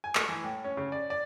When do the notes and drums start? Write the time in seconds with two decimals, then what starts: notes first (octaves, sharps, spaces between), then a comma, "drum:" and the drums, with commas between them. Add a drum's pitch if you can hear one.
0.04 G#5
0.15 A3, drum: clap
0.29 E3
0.44 A2
0.64 C#4
0.77 C#3
0.92 D5
1.10 D5